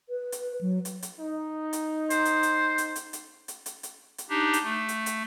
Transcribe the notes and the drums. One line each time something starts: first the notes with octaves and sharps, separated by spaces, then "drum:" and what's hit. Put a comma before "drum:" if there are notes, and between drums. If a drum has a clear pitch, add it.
B4
drum: hi-hat
F#3
drum: hi-hat
drum: hi-hat
D#4
drum: hi-hat
C5, drum: hi-hat
drum: hi-hat
drum: hi-hat
drum: hi-hat
drum: hi-hat
drum: hi-hat
drum: hi-hat
drum: hi-hat
drum: hi-hat
drum: hi-hat
D4 D#4 G4
drum: hi-hat
A3
drum: hi-hat
drum: hi-hat